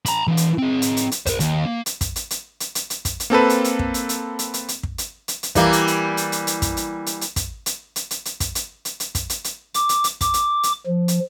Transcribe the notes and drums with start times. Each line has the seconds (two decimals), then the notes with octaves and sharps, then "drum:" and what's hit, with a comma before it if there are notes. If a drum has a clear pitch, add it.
0.06 A#5 B5, drum: hi-hat
0.27 E3 F#4
0.37 drum: hi-hat
0.58 C4 G#4
0.82 drum: hi-hat
0.97 drum: hi-hat
1.12 drum: hi-hat
1.26 A#4 C5, drum: kick, hi-hat
1.40 D#2, drum: hi-hat
1.66 A#3
1.86 drum: hi-hat
2.01 drum: kick, hi-hat
2.16 drum: hi-hat
2.31 drum: hi-hat
2.60 drum: hi-hat
2.75 drum: hi-hat
2.90 drum: hi-hat
3.05 drum: kick, hi-hat
3.20 drum: hi-hat
3.30 A#3 C4 A4 B4
3.49 drum: hi-hat
3.64 drum: hi-hat
3.79 drum: kick
3.94 drum: hi-hat
4.09 drum: hi-hat
4.39 drum: hi-hat
4.54 drum: hi-hat
4.68 drum: hi-hat
4.83 drum: kick
4.98 drum: hi-hat
5.28 drum: hi-hat
5.43 drum: hi-hat
5.55 E3 G3 A#3, drum: kick, hi-hat
5.73 drum: hi-hat
5.87 drum: hi-hat
6.17 drum: hi-hat
6.32 drum: hi-hat
6.47 drum: hi-hat
6.62 drum: kick, hi-hat
6.77 drum: hi-hat
7.06 drum: hi-hat
7.21 drum: hi-hat
7.36 drum: kick, hi-hat
7.66 drum: hi-hat
7.96 drum: hi-hat
8.11 drum: hi-hat
8.25 drum: hi-hat
8.40 drum: kick, hi-hat
8.55 drum: hi-hat
8.85 drum: hi-hat
9.00 drum: hi-hat
9.15 drum: kick, hi-hat
9.30 drum: hi-hat
9.44 drum: hi-hat
9.74 D6, drum: hi-hat
9.89 drum: hi-hat
10.04 drum: hi-hat
10.21 D6, drum: kick, hi-hat
10.34 drum: hi-hat
10.63 drum: hi-hat
10.87 F3
11.08 drum: hi-hat